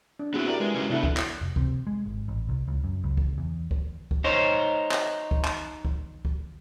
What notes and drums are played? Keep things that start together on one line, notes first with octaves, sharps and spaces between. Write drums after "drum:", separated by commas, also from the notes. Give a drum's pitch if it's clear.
D4
B3 C4 E4 F#4 G#4
E4 G4 A#4 D5
G#3 B4
F#3 G#3 C#4
C3 B3 D4 E4 A4
drum: kick
drum: clap
F1
C3, drum: kick
G#3
G#1
A1
C2
C#2
F#2
C#2
drum: kick
E2
drum: kick
drum: kick
D#4 C5 C#5
drum: clap
drum: kick
drum: clap
drum: kick
drum: kick